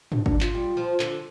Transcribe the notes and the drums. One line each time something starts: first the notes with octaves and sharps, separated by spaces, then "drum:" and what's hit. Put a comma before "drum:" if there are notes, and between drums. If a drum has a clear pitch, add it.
D4, drum: tom
D4, drum: kick G#1
F4, drum: clap
G3
F3
D3, drum: clap